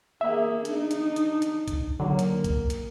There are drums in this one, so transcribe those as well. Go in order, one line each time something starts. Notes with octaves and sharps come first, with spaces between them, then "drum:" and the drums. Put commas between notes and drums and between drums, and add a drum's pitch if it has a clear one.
A#3 G#4 E5
D4 D#4, drum: hi-hat
drum: hi-hat
drum: hi-hat
drum: hi-hat
drum: kick B1, hi-hat
D3 F#3 A#3
drum: hi-hat
drum: kick B1, hi-hat
drum: hi-hat